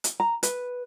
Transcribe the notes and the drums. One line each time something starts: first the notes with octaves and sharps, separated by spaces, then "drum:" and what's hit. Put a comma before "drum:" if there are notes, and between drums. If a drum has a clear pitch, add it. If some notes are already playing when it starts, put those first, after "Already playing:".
drum: hi-hat
A#5
B4, drum: hi-hat